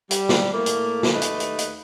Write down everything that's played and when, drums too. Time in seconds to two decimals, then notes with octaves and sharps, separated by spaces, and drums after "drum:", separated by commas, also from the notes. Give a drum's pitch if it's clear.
0.11 G3, drum: hi-hat
0.29 drum: snare
0.54 A2 A3 A#3
0.66 drum: hi-hat
1.03 drum: snare
1.12 D#2 A3 D#4 B4
1.22 drum: hi-hat
1.40 drum: hi-hat
1.58 drum: hi-hat